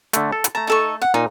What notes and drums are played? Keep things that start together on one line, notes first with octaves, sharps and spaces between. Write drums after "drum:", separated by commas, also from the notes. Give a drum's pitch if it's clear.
D3 A3, drum: hi-hat
A4
drum: hi-hat
A3 A5 A#5
D#4 A4 C#6
F#5
A#2 D#4